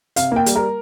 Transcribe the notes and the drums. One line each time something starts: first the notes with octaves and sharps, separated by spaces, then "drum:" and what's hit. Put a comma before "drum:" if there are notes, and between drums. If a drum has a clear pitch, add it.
C3 F5, drum: hi-hat
A#3 G5
G3, drum: hi-hat
A#4